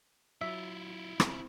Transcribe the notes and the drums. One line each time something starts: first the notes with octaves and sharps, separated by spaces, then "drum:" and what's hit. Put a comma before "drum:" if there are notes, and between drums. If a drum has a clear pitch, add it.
F#3 E4 F4 E5
C4, drum: rim click